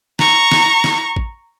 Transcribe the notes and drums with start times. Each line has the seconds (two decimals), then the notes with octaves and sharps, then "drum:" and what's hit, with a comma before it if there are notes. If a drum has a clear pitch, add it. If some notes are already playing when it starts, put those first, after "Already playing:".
0.19 A#5 C#6, drum: snare
0.52 drum: snare
0.84 drum: snare
1.16 drum: kick A1